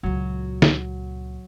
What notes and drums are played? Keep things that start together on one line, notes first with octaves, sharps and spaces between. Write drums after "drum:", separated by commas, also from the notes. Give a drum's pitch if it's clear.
C#2 A#2 F#3
drum: snare